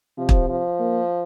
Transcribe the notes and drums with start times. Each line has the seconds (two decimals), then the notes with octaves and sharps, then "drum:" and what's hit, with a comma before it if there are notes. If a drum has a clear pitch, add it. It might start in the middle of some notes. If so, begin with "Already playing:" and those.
0.18 C3 F3
0.29 drum: kick
0.49 F3
0.79 A#3